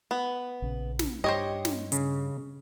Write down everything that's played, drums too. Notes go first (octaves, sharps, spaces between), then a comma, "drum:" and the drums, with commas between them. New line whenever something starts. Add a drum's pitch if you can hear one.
B3
A#1 C#3
drum: snare
G2 G4 C5 C#5 D#5
drum: snare
C#3, drum: hi-hat